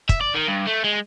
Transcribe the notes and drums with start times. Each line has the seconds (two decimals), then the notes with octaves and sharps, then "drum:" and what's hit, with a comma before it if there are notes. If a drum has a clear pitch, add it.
0.09 E5, drum: kick, hi-hat
0.21 D5
0.34 D#3
0.47 G2
0.67 A3
0.84 G#3